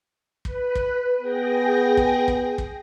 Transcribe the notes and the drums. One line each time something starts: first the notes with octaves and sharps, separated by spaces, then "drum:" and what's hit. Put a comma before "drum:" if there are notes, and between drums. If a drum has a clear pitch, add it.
B4, drum: kick
drum: kick
B3 G#4 G5 A#6
drum: kick
drum: kick
drum: kick